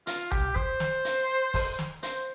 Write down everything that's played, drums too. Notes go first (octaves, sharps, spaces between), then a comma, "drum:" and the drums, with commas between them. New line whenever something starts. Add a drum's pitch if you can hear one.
F4, drum: hi-hat
G4, drum: tom C2
C5, drum: kick
drum: snare
drum: hi-hat
drum: kick, open hi-hat
drum: snare
C5, drum: hi-hat